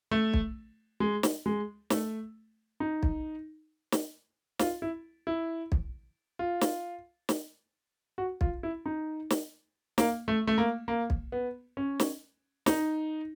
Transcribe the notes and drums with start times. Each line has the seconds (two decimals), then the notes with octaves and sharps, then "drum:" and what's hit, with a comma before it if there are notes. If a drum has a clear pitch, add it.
0.11 A3
0.34 drum: kick B1
1.00 G#3
1.23 drum: snare
1.46 G#3
1.90 A3, drum: snare
2.80 D#4
3.03 drum: kick B1
3.92 drum: snare
4.59 F4, drum: snare
4.82 E4
5.27 E4
5.72 drum: kick B1
6.39 F4
6.61 drum: snare
7.29 drum: snare
8.18 F#4
8.41 F4, drum: kick B1
8.63 E4
8.86 D#4
9.30 drum: snare
9.98 A#3, drum: snare
10.28 A3
10.47 A3
10.58 A#3
10.88 A#3
11.10 drum: kick B1
11.32 B3
11.77 C#4
12.00 drum: snare
12.66 D#4, drum: snare